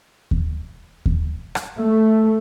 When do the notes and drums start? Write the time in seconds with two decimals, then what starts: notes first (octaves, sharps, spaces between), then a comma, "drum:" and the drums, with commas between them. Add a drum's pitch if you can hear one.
0.31 drum: kick D#2
1.06 drum: kick D#2
1.55 drum: rim click
1.80 A3